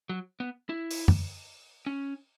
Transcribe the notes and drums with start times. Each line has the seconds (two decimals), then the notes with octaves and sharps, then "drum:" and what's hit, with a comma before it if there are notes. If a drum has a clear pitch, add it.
0.09 F#3
0.40 B3
0.69 E4
0.91 drum: open hi-hat
1.08 drum: tom F#2
1.86 C#4